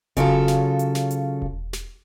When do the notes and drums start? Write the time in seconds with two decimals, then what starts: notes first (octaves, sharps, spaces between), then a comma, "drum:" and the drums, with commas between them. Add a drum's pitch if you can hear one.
0.17 C#3 F#3 F4 A4, drum: kick E1, hi-hat
0.48 drum: snare
0.79 drum: hi-hat
0.95 drum: snare
1.11 drum: hi-hat
1.42 drum: kick E1
1.73 drum: snare